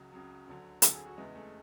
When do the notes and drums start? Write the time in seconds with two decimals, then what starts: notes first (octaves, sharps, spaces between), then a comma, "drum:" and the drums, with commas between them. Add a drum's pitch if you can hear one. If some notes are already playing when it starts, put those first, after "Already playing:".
Already playing: C#2 C#3 F#3
0.12 C#2 C#3 F#3
0.47 D2 D3 F#3
0.82 D2 D3 F#3 A4, drum: hi-hat
0.93 G#4
1.06 F#4
1.18 E2 C#3 E3 G#3
1.35 A3